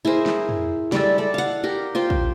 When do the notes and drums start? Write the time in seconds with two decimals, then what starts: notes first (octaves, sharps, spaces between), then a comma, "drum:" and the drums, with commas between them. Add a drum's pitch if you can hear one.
0.05 E4 G#4 A#4 C5
0.26 drum: snare
0.49 drum: tom
0.92 G3 G#3 E4 A4, drum: snare
1.18 A4 D5
1.34 F5 F#5
1.64 G4 A#4
1.95 F4 C5 G5
2.10 drum: kick